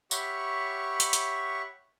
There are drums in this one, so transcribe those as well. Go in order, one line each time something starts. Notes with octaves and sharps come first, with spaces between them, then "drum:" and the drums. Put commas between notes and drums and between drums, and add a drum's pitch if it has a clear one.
G4 C#5 E5 F#5 B5 C#6, drum: tambourine
drum: hi-hat
drum: hi-hat